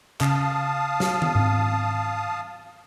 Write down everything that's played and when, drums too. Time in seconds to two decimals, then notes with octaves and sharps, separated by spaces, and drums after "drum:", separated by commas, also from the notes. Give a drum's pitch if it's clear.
0.21 C#3 F5 A5 D#6, drum: clap
1.00 drum: snare
1.22 drum: tom D#3
1.35 G#2 C4